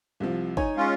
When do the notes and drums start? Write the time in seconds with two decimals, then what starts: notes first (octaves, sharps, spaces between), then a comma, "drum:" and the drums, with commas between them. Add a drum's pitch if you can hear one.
0.20 C2 C3 F3
0.57 D#4 C#5 G#5, drum: kick
0.76 G#3 C#4 F4